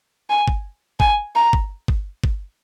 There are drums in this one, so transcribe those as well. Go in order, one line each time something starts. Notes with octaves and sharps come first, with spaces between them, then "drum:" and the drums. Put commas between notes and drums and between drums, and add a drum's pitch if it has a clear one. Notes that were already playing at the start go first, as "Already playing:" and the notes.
G#5
drum: kick G1
G#5, drum: kick G1
A#5
drum: kick G1
drum: kick G1
drum: kick G1